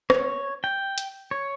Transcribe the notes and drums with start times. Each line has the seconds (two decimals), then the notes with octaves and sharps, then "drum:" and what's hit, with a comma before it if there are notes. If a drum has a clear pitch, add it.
0.10 C#5, drum: rim click
0.64 G5
0.98 drum: hi-hat
1.31 C#5